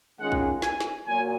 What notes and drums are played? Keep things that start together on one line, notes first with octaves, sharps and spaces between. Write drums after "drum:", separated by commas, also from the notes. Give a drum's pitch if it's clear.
D#3 G#3 C#4 F4 F#5
drum: kick
G#5, drum: snare
drum: snare
A#2 F#3 G#5